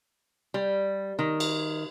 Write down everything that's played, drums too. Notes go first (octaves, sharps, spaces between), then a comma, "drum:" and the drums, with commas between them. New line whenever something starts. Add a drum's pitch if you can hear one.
G3
D#3
drum: cymbal